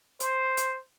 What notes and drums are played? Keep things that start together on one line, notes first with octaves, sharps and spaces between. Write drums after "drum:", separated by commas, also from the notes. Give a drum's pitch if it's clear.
C5, drum: hi-hat
drum: hi-hat